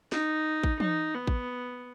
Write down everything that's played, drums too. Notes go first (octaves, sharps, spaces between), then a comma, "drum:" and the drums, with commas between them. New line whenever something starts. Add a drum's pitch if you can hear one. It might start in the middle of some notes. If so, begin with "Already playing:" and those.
D#4, drum: snare
drum: kick A1
D#4, drum: tom E3
B3
drum: kick A1